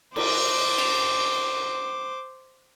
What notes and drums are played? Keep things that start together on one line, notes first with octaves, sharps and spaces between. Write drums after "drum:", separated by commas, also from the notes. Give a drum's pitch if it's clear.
C5 D6, drum: cymbal
drum: cymbal